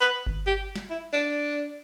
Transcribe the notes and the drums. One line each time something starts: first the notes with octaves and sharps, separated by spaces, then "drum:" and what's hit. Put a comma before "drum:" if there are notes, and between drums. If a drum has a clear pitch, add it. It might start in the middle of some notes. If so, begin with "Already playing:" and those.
B4
drum: kick G1
G4
drum: snare
E4
D4